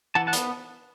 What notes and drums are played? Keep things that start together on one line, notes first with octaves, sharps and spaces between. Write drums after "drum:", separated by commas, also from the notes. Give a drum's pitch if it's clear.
E3 F#5 A5
F#5 A5
B3, drum: hi-hat